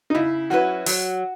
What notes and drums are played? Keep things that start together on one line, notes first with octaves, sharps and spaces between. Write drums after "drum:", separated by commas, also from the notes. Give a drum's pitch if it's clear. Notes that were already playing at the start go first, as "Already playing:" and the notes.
D#4
C#3 E4
F#3 C#4 E4 F#4 B4
F#3, drum: open hi-hat